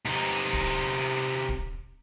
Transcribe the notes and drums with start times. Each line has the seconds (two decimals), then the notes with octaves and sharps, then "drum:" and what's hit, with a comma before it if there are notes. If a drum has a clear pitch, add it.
0.05 C3 D#4, drum: snare
0.21 drum: snare
0.53 drum: kick
1.01 drum: snare
1.17 drum: snare
1.49 drum: kick